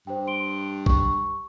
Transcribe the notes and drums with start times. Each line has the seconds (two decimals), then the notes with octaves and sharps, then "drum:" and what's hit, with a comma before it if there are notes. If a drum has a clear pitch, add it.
0.07 G2 C5 G5
0.27 C6 D7 G7
0.86 C#6, drum: kick